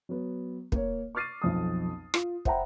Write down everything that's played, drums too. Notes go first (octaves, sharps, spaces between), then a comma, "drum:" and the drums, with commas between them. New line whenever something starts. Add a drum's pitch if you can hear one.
F#3 B3
A#3 C#5, drum: kick
C#6 D6 F6 A6 C7 D#7
B1 F2 D#6
F4, drum: rim click
C5 E5 F#5 G5 A#5 B5, drum: kick